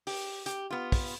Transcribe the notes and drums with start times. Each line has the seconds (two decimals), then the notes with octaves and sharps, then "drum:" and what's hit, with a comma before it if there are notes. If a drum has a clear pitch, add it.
0.07 G4, drum: open hi-hat
0.46 G4, drum: hi-hat
0.70 B3 F4
0.92 drum: kick, open hi-hat